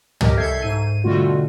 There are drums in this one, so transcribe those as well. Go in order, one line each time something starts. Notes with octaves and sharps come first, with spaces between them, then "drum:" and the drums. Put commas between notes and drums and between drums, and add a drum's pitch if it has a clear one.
G4 A#4 D#5, drum: tom
C2 A4 E5 G6 G#6 C7
G#2 D#7
B2 D3 G3 A3 F4 F#4